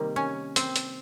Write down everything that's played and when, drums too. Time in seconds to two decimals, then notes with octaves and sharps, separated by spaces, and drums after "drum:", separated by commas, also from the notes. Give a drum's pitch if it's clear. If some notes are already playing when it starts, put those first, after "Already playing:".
Already playing: C3 D#3 G3 A#3
0.16 C#4
0.56 C4, drum: hi-hat
0.76 drum: hi-hat